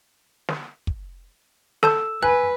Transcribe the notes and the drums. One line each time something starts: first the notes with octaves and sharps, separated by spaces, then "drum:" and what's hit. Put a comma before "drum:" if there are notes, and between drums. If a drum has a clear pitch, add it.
drum: snare
drum: kick
A4 A5 E6 G6, drum: snare
B4 G#5 F#6